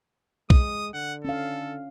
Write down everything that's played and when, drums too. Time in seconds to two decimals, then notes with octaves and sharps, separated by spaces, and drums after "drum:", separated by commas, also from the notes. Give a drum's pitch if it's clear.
0.50 G#3 D#6, drum: kick
0.94 D3 F#5
1.25 C#4 A4 F5